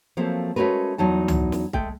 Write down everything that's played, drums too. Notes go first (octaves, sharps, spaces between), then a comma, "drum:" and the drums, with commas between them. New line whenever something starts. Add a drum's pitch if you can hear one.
F3 F#3 A3 A#3 C4
G#3 A3 C#4 F#4 A#4 B4
E2 F#3 D#4 A5
drum: tom C#2
drum: snare
G#3 A3 G5, drum: kick